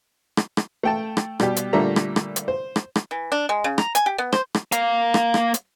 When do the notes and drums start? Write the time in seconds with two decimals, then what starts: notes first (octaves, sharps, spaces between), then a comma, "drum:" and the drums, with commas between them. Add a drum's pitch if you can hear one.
0.37 drum: rim click
0.57 drum: rim click
0.83 A3 G5 A5
1.17 drum: rim click
1.40 B2 G3 G4, drum: rim click
1.56 drum: hi-hat
1.73 A#2 D3 G3 A3 E5 A#5
1.96 drum: rim click
2.16 drum: rim click
2.36 drum: hi-hat
2.48 C5
2.76 drum: rim click
2.96 drum: rim click
3.11 E3
3.32 D4
3.49 G#3
3.64 C#3
3.78 A#5, drum: rim click
3.95 G#5, drum: hi-hat
4.06 G4
4.18 B3
4.32 C5, drum: rim click
4.54 drum: rim click
4.72 A#3 F5, drum: hi-hat
5.14 drum: rim click
5.34 drum: rim click
5.54 drum: hi-hat